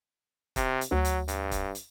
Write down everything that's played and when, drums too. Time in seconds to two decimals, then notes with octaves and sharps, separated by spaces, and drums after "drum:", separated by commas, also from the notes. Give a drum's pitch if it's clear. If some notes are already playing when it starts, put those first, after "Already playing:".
0.56 C3, drum: kick, hi-hat
0.81 drum: hi-hat
0.91 D2 F#3
1.05 drum: hi-hat
1.28 G2, drum: hi-hat
1.51 drum: kick, hi-hat
1.75 drum: hi-hat